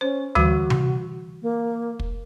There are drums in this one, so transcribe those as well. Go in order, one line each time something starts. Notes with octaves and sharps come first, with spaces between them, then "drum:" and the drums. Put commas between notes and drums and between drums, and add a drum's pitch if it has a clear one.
C#4 C5
D3 E3 G3 F#4, drum: tom D2
drum: tom C3
A#3
drum: kick